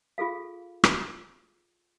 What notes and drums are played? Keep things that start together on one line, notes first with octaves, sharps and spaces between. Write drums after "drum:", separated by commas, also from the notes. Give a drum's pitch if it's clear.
F4 G#4 A4 F5
drum: rim click